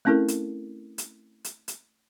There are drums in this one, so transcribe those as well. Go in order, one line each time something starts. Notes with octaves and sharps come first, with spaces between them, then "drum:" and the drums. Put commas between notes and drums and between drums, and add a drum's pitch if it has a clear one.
A3 C4 C#4 E4 A4 A#4
drum: hi-hat
drum: hi-hat
drum: hi-hat
drum: hi-hat